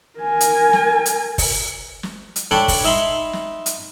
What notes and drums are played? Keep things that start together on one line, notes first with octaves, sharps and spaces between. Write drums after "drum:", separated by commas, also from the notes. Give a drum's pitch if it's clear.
A#4 G#5
drum: hi-hat
drum: snare
drum: hi-hat
drum: kick, open hi-hat
drum: snare
drum: hi-hat
D4 A4 C#5 G5 B5
drum: kick, open hi-hat
D#4 E5 B5 C6
drum: snare
drum: hi-hat